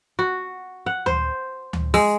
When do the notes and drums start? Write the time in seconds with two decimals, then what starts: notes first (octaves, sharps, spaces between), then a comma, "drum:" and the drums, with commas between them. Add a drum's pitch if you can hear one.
0.19 F#4
0.86 F#5
1.06 C5, drum: tom D2
1.73 drum: tom D2
1.94 G#3, drum: open hi-hat